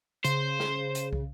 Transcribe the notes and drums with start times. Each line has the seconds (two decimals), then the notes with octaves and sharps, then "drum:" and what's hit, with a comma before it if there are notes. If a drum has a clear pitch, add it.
0.24 C#3 C5, drum: hi-hat
0.60 drum: snare
0.95 drum: hi-hat
1.13 drum: kick